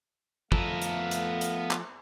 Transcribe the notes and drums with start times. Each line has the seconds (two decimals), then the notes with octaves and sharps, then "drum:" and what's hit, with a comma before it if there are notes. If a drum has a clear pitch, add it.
0.52 F3 A3 B3 A4 A#4 F5, drum: kick
0.82 drum: hi-hat
1.11 drum: hi-hat
1.41 drum: hi-hat
1.71 drum: clap